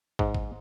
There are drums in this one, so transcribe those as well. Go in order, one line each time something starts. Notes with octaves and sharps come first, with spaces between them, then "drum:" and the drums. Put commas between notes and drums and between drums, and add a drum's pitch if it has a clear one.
G#2, drum: kick
drum: kick